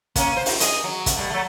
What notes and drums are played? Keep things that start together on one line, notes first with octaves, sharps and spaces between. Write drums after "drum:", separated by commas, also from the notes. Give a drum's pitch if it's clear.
A#3 C#4, drum: kick, hi-hat
C5
drum: open hi-hat
G#4 D#5, drum: hi-hat
F#3
drum: kick, hi-hat
G3 A3
F#3 A3